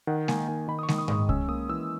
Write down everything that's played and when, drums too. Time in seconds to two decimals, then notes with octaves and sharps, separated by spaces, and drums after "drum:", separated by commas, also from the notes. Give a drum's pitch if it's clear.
0.07 D#3 F#5
0.28 A#3 G#5, drum: snare G#3
0.48 D#3 G#5
0.68 D#3 B5
0.79 D#6
0.83 C#6
0.88 D#3, drum: snare G#3
0.98 D#6
1.08 G#3, drum: tom G#2
1.29 C#4 E6, drum: kick C2
1.48 A#3 D#6
1.69 E3 E6